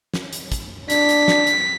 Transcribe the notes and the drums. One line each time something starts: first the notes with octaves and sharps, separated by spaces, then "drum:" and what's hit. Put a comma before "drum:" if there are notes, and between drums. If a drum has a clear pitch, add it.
drum: snare
drum: hi-hat
drum: kick, hi-hat
D4 B6, drum: hi-hat
drum: hi-hat
drum: snare
drum: hi-hat